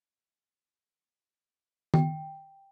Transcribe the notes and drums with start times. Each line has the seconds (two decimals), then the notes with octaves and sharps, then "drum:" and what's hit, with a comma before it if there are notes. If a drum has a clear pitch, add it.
1.94 G5, drum: tom D#3